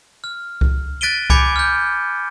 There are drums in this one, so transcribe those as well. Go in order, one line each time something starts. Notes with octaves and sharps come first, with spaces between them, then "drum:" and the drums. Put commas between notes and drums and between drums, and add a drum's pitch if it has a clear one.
F6
drum: kick C2
F#6 A6 B6 D7 D#7 G7
G#5 B5 D6 G6 G#6 C#7, drum: kick C2
F6 G6